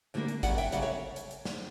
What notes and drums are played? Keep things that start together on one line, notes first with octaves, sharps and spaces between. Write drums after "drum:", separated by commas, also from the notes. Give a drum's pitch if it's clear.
D2 D3 G3 A#3 D4
drum: hi-hat
F#2 C#3 G3 D5 F#5, drum: kick G#1, hi-hat
E5 G5, drum: hi-hat
F#2 C#3 G3 D5 F#5, drum: hi-hat
C#5 E5
drum: hi-hat
drum: hi-hat
drum: snare